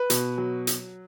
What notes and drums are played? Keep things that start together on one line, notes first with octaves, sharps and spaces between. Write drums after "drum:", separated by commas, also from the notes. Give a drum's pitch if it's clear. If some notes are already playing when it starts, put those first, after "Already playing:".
Already playing: B4
B2, drum: hi-hat
F#3
drum: hi-hat